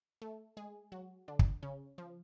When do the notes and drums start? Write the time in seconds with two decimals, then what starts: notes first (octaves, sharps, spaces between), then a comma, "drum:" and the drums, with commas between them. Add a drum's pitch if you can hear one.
0.22 A3 A4
0.57 G#3 G#4
0.92 F#3 F#4
1.28 D3 D4
1.39 drum: kick
1.63 C#3 C#4
1.98 F3